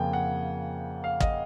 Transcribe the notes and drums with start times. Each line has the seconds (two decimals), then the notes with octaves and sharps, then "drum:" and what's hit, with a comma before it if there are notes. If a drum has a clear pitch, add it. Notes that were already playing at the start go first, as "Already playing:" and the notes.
Already playing: F2 C#3 F3 A#3 G5 G#5
0.13 F#5
1.04 F5
1.20 D#5, drum: kick